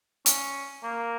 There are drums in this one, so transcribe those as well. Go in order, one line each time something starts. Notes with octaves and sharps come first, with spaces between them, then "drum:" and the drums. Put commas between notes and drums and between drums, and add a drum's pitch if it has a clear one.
C#4, drum: hi-hat
A#3